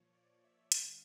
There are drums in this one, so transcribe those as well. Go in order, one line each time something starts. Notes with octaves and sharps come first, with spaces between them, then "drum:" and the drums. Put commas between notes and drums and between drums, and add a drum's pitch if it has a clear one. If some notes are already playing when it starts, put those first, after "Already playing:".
Already playing: A#2 F3 C#5
D5
E5
G2 D3 F5, drum: hi-hat